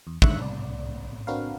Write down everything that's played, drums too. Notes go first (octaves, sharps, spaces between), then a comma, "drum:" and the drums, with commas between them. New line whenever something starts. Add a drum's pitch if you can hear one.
E2
D#2 G#2 D3 E5 C#6 F#6, drum: kick
C2 D5
C4 D4 F#4 A#4 B4 F5